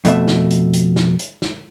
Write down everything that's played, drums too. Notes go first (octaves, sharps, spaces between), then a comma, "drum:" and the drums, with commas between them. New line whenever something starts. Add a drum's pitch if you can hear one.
F2 B2 A3 E5, drum: hi-hat
drum: snare
drum: hi-hat
drum: hi-hat
drum: snare
drum: hi-hat
drum: snare